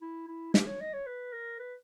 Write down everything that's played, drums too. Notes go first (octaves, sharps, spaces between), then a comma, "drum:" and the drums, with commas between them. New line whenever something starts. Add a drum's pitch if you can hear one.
E4
E4
G4, drum: snare
C#5
D#5
C#5
B4
A#4
B4